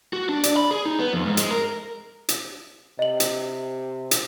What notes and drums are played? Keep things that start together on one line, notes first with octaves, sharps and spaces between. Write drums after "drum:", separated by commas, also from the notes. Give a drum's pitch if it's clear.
F#4
D4
D5, drum: hi-hat
B5
G#4
D#4
B3
F2
G#2
G#3, drum: hi-hat
A#4
drum: hi-hat
C3 D#5 F#7
drum: hi-hat
drum: hi-hat